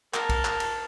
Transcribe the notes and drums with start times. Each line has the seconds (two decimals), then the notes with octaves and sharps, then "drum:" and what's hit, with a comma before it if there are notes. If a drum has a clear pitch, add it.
0.14 A#4 A5, drum: clap
0.29 drum: kick B1, cymbal
0.45 drum: clap
0.60 drum: cymbal